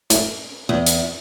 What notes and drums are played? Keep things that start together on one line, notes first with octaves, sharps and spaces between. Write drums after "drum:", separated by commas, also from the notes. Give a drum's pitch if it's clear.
A2, drum: hi-hat
E2
drum: hi-hat